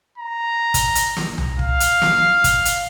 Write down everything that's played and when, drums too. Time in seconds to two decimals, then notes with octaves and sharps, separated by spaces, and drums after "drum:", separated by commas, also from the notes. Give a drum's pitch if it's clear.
0.18 A#5
0.74 drum: kick, hi-hat
0.95 drum: hi-hat
1.17 drum: snare
1.38 drum: tom C2
1.59 F5, drum: kick
1.80 drum: hi-hat
2.02 drum: snare
2.44 drum: kick, hi-hat
2.65 drum: hi-hat